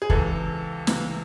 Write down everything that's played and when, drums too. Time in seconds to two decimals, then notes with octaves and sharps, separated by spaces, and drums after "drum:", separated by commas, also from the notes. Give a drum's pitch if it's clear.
0.02 G#4
0.10 C#2 C3 E3 A4, drum: kick
0.87 C#2 C3 E3, drum: snare